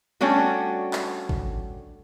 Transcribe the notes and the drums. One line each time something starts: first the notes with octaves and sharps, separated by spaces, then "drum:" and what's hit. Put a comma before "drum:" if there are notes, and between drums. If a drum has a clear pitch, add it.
G3 A3 C#4 D4 F#4
drum: clap
drum: kick G#1